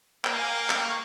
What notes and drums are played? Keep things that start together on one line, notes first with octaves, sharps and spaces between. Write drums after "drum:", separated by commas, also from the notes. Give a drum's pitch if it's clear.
A#3 G5, drum: clap
G#5
G5
drum: clap
C#6